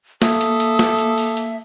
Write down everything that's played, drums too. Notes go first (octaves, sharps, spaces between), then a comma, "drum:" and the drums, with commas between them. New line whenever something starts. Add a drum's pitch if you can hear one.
A#3 A4 E5 D#6, drum: snare
drum: hi-hat
drum: hi-hat
drum: snare
drum: hi-hat
drum: open hi-hat
drum: hi-hat